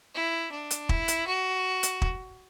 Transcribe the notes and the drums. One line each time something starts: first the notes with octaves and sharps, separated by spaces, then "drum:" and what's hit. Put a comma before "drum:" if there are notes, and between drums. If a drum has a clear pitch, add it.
E4
D4
drum: hi-hat
E4, drum: kick
drum: hi-hat
F#4
drum: hi-hat
drum: kick